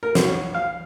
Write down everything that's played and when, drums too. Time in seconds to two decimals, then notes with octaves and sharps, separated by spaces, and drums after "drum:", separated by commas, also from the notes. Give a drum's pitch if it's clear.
0.03 A#4
0.15 F#3, drum: snare
0.54 F5